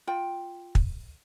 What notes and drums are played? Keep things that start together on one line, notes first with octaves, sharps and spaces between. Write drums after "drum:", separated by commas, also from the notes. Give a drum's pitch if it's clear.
F4 G5
drum: kick